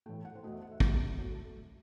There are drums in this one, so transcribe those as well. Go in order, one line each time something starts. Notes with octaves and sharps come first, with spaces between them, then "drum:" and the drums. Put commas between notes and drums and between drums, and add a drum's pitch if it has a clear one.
A2 E3 A3 G5
F#5
C5
E2 B2 A3 D#5
E5
F#5
E5
E2 C3 F#3 A3, drum: kick
F#2 F#3 A3